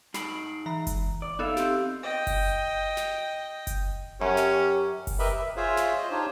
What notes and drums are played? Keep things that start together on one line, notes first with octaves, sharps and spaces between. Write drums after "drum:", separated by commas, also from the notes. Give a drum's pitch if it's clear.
G#2 B5 C7 D7 F#7, drum: snare
E3 A#5
drum: kick F#1, hi-hat
D5
B3 D#4 A4 E5 F5
C4 G4, drum: snare
D#5 G5
drum: kick F#1, open hi-hat
drum: snare
drum: kick F#1, hi-hat
F#2 C#4 G4
drum: snare
drum: kick F#1, open hi-hat
G4 A#4 B4 D#5 E5 B5
E5
F4 G#4 C5 C#5 E5 F5
drum: snare
C5 D#5
D4 D#4 F4 G4 C5 C#5